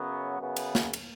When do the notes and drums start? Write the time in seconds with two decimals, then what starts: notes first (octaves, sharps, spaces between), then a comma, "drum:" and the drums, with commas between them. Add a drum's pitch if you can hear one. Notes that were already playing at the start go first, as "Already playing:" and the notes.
Already playing: F#2 C#3 F#3 B3
0.38 F#2 C#3 F#3 B3
0.56 drum: cymbal
0.75 drum: snare
0.93 drum: cymbal